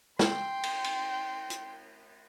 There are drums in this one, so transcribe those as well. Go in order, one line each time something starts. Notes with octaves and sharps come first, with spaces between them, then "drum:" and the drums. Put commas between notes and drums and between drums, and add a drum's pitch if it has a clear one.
G5 C6, drum: snare
drum: cymbal
drum: cymbal
drum: hi-hat